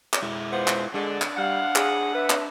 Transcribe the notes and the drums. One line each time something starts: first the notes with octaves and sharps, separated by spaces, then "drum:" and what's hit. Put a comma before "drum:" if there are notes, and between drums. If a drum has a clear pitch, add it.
drum: clap
G#3 E4
B3 F4 C5 F#5
drum: clap
D3 G#3 D4
drum: clap
G3 F5 F#5
G#4, drum: clap
B4 E5
drum: clap